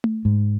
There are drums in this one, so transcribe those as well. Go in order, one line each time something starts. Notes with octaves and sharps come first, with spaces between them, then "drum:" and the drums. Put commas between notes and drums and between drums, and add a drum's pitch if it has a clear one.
drum: tom A3
G#2